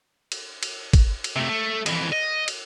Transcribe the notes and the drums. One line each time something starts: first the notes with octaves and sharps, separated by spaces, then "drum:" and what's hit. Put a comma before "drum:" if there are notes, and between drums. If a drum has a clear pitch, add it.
drum: cymbal
drum: cymbal
drum: kick, cymbal
drum: cymbal
C3 A3
A3
F2 E3, drum: cymbal
D#5
drum: cymbal